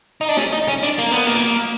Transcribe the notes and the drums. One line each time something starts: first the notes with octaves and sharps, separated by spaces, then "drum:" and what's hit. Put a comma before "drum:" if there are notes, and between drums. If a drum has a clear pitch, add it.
D#4
D4
C#4, drum: snare
D#4
C#4
D4
A#3
B3
A#3, drum: cymbal